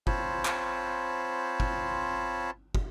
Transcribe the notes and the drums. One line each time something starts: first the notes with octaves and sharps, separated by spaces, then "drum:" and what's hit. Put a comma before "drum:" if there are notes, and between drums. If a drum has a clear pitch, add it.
C4 F4 C5 C#5 A5 B5, drum: kick
drum: clap
drum: kick
drum: kick